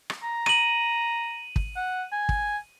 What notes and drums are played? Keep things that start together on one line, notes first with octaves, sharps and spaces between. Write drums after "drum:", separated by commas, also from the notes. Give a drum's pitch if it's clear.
drum: rim click
A#5
D#7 F#7, drum: rim click
drum: kick
F#5
G#5
drum: kick